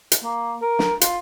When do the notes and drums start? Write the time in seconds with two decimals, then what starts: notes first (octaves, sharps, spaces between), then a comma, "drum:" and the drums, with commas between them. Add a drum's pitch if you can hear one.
0.12 drum: hi-hat
0.24 A#3
0.62 A#4
0.79 drum: snare
1.01 F4, drum: hi-hat